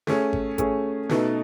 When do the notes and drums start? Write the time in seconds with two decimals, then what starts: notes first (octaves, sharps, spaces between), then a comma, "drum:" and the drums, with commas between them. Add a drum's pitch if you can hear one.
0.07 A3 C#4 G#4, drum: snare
0.33 drum: kick G#1
0.58 A3 C#4 G#4, drum: kick G#1, hi-hat
1.09 B2 A3 D#4, drum: snare